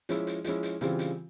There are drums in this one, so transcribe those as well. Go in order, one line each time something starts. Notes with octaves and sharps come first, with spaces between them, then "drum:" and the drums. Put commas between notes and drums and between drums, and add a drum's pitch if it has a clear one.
F3 G#3 C#4 E4, drum: hi-hat
drum: hi-hat
F3 G#3 C#4 E4, drum: hi-hat
drum: hi-hat
C#3 E3 G3 C4 F4, drum: hi-hat
drum: hi-hat